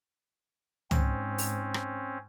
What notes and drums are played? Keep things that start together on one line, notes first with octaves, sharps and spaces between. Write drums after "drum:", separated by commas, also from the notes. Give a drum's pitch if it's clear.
G#2 C4 C#4, drum: tom
drum: open hi-hat
drum: rim click